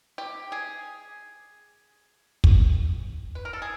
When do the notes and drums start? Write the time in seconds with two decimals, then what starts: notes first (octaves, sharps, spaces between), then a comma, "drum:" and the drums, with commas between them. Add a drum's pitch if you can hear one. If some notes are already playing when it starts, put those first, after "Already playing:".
0.18 G4
0.52 G#4
2.44 drum: kick
3.35 B4
3.45 A#4
3.53 A4
3.62 G#4